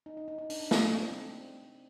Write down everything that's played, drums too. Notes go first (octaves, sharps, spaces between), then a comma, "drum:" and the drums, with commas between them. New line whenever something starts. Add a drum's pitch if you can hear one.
D#4
D#4
D#4
D#4
D4, drum: open hi-hat
D4
D4, drum: snare
D4
C4